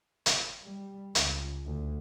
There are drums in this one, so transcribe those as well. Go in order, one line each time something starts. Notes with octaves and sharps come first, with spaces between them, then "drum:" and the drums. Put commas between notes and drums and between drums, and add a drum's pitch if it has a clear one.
drum: hi-hat
G3
C#2, drum: hi-hat
D2